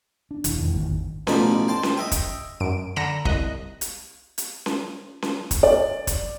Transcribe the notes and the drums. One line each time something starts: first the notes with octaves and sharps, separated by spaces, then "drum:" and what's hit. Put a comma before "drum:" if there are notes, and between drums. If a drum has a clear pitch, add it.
D4
E1 E3, drum: hi-hat
F2 G#2 D#3
A1 E2 A2 D#3
G#1
A1 B2 F3 D#4 D5 B5, drum: snare C#4
C5 G5 A5
drum: snare C#4
D#5 E5 G5
drum: kick, hi-hat
F#2 D7
D3 A#5 B5 A#6 C#7 E7
C2 D#5 F#6 A#6, drum: kick
drum: hi-hat
drum: hi-hat
drum: snare C#4
drum: snare C#4
drum: kick, hi-hat
D5
drum: kick, hi-hat